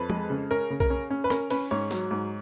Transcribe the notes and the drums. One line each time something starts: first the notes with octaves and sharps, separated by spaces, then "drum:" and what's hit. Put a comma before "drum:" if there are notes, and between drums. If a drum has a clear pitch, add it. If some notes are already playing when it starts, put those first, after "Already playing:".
Already playing: F2 B4
G#3, drum: tom F3
C#3
C#4 A#4
C#3
A#4, drum: kick B1
C#4
C#4
B4
C#4 A#4, drum: rim click
C#4 B4, drum: cymbal
G#2 C#5
F#3, drum: snare
G#2